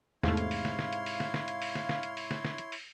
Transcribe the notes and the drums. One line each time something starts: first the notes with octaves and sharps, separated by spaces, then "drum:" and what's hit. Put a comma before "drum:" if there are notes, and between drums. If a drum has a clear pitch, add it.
E2 G#2 C3 A3 E4 C#5 F5 C6, drum: snare
drum: hi-hat
drum: open hi-hat
drum: snare
drum: snare
drum: hi-hat
drum: open hi-hat
drum: snare
drum: snare
drum: hi-hat
drum: open hi-hat
drum: snare
drum: snare
drum: hi-hat
drum: open hi-hat
drum: snare
drum: snare
drum: hi-hat
drum: open hi-hat